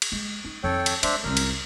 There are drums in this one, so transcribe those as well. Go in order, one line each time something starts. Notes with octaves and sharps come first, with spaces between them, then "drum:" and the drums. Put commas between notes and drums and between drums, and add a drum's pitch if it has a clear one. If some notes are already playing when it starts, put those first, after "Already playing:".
drum: cymbal
G#3
D#4
F2 D#3 A4 C#5 G5
drum: cymbal
G#3 D4 C5 E5, drum: cymbal
C2 F#2 A#4
drum: cymbal